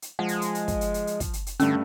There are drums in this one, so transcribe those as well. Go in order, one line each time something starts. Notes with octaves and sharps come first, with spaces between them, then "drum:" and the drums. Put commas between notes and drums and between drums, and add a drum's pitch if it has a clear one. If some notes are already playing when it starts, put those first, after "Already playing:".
drum: hi-hat
F3 G#3 F#5
drum: hi-hat
drum: hi-hat
drum: hi-hat
drum: kick, hi-hat
drum: hi-hat
drum: hi-hat
drum: hi-hat
drum: kick, hi-hat
drum: hi-hat
drum: hi-hat
G2 D3 A3 C#4 E6, drum: hi-hat